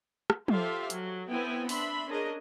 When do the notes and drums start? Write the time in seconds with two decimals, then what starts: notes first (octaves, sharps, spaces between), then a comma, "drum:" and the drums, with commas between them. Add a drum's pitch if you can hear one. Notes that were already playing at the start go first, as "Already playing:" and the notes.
0.30 drum: rim click
0.48 F4 G4 A4 C5 E5 F5, drum: tom F3
0.90 F#3, drum: hi-hat
1.29 B3 C4 E4 G5 G#5
1.69 D4 E5 B5 C6, drum: open hi-hat
2.08 C#4 D4 G#4 A#4 D#5